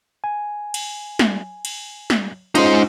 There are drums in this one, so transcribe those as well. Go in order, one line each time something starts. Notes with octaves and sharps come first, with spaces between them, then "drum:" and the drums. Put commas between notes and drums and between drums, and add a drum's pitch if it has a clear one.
G#5
drum: cymbal
drum: snare G3
drum: cymbal
drum: snare G3
G#3 C#4 D#4 F4 C5, drum: cymbal